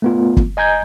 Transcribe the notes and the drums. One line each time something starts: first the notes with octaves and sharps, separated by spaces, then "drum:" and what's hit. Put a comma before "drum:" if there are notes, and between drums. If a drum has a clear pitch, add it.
A3 B3 F4
drum: kick
D#5 G#5 A#5 G6 G#6